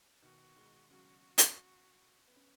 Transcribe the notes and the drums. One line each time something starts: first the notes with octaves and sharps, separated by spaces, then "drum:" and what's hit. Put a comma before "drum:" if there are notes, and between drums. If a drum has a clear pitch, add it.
B2 D#3 F#4
D#3 G#3
C#3 F#3 F#4
drum: hi-hat
B3
C#4